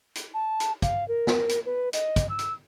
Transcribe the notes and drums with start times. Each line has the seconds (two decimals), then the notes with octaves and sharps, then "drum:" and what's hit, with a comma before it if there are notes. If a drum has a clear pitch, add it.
0.15 drum: hi-hat
0.34 A5
0.60 drum: hi-hat
0.82 F5, drum: kick, hi-hat
1.08 A#4
1.27 drum: snare
1.49 drum: hi-hat
1.66 B4
1.93 D#5, drum: hi-hat
2.16 drum: kick, hi-hat
2.29 E6
2.39 drum: hi-hat